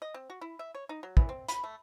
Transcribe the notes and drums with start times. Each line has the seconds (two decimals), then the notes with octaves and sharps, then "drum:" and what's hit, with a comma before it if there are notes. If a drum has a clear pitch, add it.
0.02 D#5
0.14 C4
0.30 F#4
0.41 E4
0.59 E5
0.75 C#5
0.89 D#4
1.03 F#3
1.17 E3, drum: kick
1.29 C4
1.48 B5, drum: hi-hat
1.64 A3